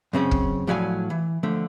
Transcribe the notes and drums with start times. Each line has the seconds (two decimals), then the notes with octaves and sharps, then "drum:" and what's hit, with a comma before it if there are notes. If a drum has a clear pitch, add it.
0.13 F#2 C#3 C4 C#4
0.31 drum: kick
0.67 A2 F3 F#3 D5 F5 G#5
1.10 E3
1.43 D3 F3 A3